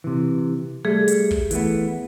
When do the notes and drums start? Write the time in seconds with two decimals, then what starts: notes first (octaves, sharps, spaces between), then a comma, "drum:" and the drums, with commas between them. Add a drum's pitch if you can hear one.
0.04 C3 E3
0.85 G3 A3 G#4
1.08 drum: hi-hat
1.31 drum: kick
1.51 E3 A3 B3, drum: hi-hat